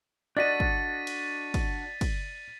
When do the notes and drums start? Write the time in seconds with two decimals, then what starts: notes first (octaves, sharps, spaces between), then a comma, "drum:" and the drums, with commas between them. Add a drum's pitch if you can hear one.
0.37 D4 F#4 A4 D5 D#5 A6 B6 D#7
0.60 drum: kick
1.07 drum: cymbal
1.54 drum: kick, cymbal
2.01 drum: kick, cymbal